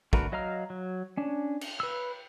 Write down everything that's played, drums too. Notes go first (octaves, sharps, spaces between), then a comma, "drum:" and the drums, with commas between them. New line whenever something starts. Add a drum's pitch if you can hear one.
D3 A3 F#4 A#4 B4, drum: kick
F#3 D#5 F5 A#5 F6
F#3
C#4 D4
drum: cymbal
B4 E6